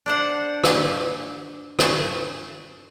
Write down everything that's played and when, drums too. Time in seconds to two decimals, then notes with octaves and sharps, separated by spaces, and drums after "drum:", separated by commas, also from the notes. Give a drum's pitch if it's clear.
0.06 D4 C5 F#5
0.64 drum: rim click
1.79 drum: rim click